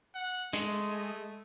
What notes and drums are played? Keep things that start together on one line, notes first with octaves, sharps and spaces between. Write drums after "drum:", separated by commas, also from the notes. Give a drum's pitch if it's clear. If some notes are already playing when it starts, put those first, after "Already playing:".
F#5
G#3 A3, drum: hi-hat